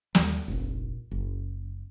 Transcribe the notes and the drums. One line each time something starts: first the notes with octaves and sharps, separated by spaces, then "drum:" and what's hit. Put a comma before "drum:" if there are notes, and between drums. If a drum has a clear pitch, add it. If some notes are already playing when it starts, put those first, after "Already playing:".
D#2 G3, drum: snare
F1 A#1
F#1